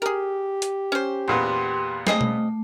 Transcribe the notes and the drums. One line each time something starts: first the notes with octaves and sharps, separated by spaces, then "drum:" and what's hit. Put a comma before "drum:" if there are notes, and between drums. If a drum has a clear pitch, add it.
G4 G#4 A#4
drum: hi-hat
C#4 C5
E2 A#2 B3 C6
A3 C4 G#4 D#5, drum: snare
drum: tom B2